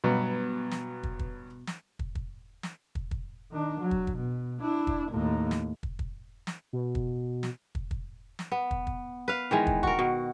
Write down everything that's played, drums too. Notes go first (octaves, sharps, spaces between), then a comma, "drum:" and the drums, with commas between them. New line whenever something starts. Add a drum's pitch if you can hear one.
G2 B2 F#3 B3
drum: snare
drum: kick
drum: kick
drum: snare
drum: kick
drum: kick
drum: snare
drum: kick
drum: kick
D#3 D4
F#3
drum: kick
drum: kick
B2
D4 E4
drum: kick
D#2 A2
drum: snare
drum: kick
drum: kick
drum: snare
B2
drum: kick
drum: snare
drum: kick
drum: kick
drum: snare
B3
drum: kick
drum: kick
B4 F5
D#3 E3 G#3
drum: kick
F#4 A#4, drum: kick
B2